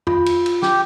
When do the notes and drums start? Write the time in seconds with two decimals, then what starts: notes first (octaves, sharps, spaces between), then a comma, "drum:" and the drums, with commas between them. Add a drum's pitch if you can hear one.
0.07 F4, drum: tom F2
0.26 drum: cymbal
0.46 drum: cymbal
0.62 G4, drum: snare